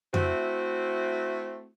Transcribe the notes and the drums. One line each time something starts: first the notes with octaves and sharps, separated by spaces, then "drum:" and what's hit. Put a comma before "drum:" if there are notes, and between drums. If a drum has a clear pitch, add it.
A3 C4 E4 F#4, drum: tom F2